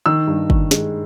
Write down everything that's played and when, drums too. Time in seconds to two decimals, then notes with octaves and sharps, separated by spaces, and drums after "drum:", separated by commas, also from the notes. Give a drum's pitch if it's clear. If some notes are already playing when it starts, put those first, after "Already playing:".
0.06 D#3 E6
0.28 G2
0.50 D#3, drum: kick
0.71 G#3, drum: snare